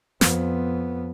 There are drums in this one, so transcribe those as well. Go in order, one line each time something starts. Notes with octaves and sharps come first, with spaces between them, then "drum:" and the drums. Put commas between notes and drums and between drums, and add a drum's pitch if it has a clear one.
F2 B3, drum: snare